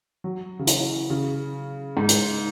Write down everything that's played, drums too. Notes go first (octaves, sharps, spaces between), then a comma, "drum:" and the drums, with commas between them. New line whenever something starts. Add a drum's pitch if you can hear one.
F#3
C#3
E3, drum: hi-hat
C#3
G#2
drum: hi-hat